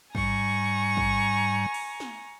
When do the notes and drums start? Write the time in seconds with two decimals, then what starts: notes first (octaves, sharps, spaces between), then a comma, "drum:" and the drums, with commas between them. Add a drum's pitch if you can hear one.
0.15 G#2 G3 G#5 A#5 C#6, drum: kick
0.97 drum: kick
1.74 drum: cymbal
2.00 drum: snare